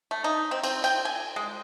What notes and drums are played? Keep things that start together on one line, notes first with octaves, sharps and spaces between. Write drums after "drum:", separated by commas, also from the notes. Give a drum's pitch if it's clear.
A3
D#4
C4
C4, drum: cymbal
G5, drum: cymbal
G#5
G#3